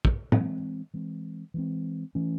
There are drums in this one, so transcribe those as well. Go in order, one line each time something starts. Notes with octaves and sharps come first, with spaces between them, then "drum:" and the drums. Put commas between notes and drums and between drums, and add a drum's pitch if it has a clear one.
drum: kick
E3 G#3 C4, drum: tom
E3 G#3 C4
E3 G#3 C4
E3 A3 C#4